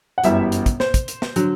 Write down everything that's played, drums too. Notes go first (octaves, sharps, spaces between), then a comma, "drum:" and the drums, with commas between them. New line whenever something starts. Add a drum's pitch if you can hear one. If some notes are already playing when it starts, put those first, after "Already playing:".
F#5
G1 F#2 E3 G3 E5, drum: hi-hat
drum: hi-hat
drum: kick, hi-hat
C5, drum: snare
drum: kick, hi-hat
drum: hi-hat
drum: snare
D3 F#3, drum: hi-hat